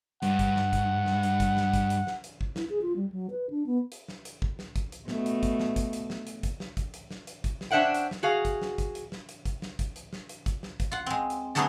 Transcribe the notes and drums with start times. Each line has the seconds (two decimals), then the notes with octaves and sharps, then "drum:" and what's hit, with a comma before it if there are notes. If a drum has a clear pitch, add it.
0.22 G2 F#5, drum: hi-hat
0.39 drum: kick, hi-hat
0.56 drum: snare
0.73 drum: kick, hi-hat
1.06 drum: snare
1.23 drum: hi-hat
1.40 drum: kick, hi-hat
1.57 drum: snare
1.74 drum: kick, hi-hat
1.90 drum: hi-hat
2.07 drum: snare
2.24 drum: hi-hat
2.41 drum: kick
2.56 E4, drum: snare
2.70 G#4
2.82 F4
2.96 G3
3.12 F#3
3.31 B4
3.50 D4
3.66 B3
3.92 drum: hi-hat
4.08 drum: snare
4.25 drum: hi-hat
4.42 drum: kick
4.59 drum: snare
4.76 drum: kick, hi-hat
4.92 drum: hi-hat
5.08 B2 A3, drum: snare
5.26 drum: hi-hat
5.43 drum: kick, hi-hat
5.59 drum: snare
5.76 drum: kick, hi-hat
5.93 drum: hi-hat
6.10 drum: snare
6.27 drum: hi-hat
6.43 drum: kick, hi-hat
6.60 drum: snare
6.77 drum: kick, hi-hat
6.94 drum: hi-hat
7.11 drum: snare
7.27 drum: hi-hat
7.44 drum: kick, hi-hat
7.61 drum: snare
7.71 C#4 D4 C5 E5 F#5 G5
7.94 drum: hi-hat
8.11 drum: snare
8.23 F#4 G#4 F5
8.45 drum: kick, hi-hat
8.62 drum: snare
8.78 drum: kick, hi-hat
8.95 drum: hi-hat
9.12 drum: snare
9.29 drum: hi-hat
9.45 drum: kick, hi-hat
9.62 drum: snare
9.79 drum: kick, hi-hat
9.96 drum: hi-hat
10.13 drum: snare
10.29 drum: hi-hat
10.46 drum: kick, hi-hat
10.63 drum: snare
10.80 drum: kick, hi-hat
10.92 F4 F#5
11.06 G#3 C4
11.30 drum: hi-hat
11.55 D3 F#3 A3 B3 G#4 C#5